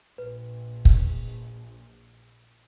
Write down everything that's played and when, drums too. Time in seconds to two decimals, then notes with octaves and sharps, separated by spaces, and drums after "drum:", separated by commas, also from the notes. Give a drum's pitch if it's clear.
0.18 A#1 B4
0.85 drum: kick